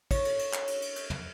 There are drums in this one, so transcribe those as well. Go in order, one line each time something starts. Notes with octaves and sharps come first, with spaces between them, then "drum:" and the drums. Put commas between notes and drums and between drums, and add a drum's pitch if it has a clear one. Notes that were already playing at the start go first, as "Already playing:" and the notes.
C#5, drum: kick, cymbal
drum: cymbal
drum: cymbal
drum: clap
drum: cymbal
drum: cymbal
drum: cymbal
drum: tom